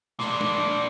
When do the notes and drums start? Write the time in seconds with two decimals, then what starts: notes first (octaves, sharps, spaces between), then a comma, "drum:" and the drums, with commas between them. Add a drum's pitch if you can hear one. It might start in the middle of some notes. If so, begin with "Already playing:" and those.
0.20 A#2 D4, drum: snare
0.41 drum: tom